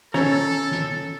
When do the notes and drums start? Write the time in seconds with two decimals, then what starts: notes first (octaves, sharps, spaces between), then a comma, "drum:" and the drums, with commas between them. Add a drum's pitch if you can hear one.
0.14 C#4 A4 C#5 A#5, drum: snare
0.71 drum: snare